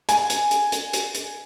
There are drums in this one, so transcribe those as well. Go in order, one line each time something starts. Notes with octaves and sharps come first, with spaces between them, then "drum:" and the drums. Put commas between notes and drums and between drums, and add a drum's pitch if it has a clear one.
G#5, drum: hi-hat
drum: hi-hat
drum: hi-hat
drum: hi-hat
drum: hi-hat
drum: hi-hat